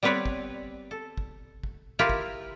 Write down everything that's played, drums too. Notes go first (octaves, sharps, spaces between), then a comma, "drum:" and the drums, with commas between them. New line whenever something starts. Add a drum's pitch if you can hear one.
G3 B3 C4 B4 C#5 D5
drum: kick
A4
drum: kick
drum: kick
E4 F4 G4 A#4
drum: kick